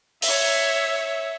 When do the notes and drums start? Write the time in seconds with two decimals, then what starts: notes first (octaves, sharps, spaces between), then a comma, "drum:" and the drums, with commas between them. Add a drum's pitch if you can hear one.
0.22 C#5 E5, drum: open hi-hat